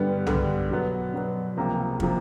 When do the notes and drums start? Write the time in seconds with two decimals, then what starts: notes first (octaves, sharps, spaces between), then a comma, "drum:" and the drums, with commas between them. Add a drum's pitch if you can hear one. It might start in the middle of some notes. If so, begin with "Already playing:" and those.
Already playing: G2 D3 G3 B3
0.27 G2 D3 G3 B3, drum: tom
0.71 B2 F#3 B3
1.14 B2 F#3 B3
1.57 C#2 C3 F3 A#3
2.00 C3 F3 A#3, drum: kick